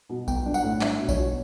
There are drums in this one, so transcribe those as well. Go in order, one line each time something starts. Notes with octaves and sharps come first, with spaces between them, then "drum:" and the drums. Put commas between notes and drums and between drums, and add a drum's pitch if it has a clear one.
B2
B3 G5, drum: kick A#1, tambourine
D4
F#5, drum: tambourine
A2
D4 E5, drum: clap
B2
C#5, drum: kick A#1, tambourine
B2